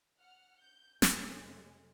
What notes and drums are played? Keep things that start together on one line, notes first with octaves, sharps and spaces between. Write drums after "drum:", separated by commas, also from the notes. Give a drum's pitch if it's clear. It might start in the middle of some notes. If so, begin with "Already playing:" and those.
F#5 F6
G6
F2 C3 F#3 G#3 A3, drum: snare